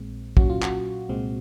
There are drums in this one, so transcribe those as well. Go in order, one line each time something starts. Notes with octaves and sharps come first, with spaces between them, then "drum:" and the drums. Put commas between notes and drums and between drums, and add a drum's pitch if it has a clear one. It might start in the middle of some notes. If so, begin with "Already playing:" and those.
Already playing: A#1 A#2 G#3 C4
A#2 F#3 C#4 F#4, drum: kick
F4
F#4, drum: clap
C2 A#2 G#3 C4